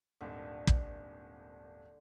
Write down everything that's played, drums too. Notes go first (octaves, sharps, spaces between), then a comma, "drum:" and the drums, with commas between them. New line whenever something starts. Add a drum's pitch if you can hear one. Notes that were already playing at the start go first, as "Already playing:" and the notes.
D#1 G#1 D3
drum: kick